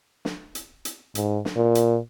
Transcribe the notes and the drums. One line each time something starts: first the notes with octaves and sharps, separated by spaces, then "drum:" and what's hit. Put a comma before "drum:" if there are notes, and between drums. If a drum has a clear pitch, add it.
drum: snare
drum: hi-hat
drum: hi-hat
G#2, drum: hi-hat
drum: snare
A#2
drum: hi-hat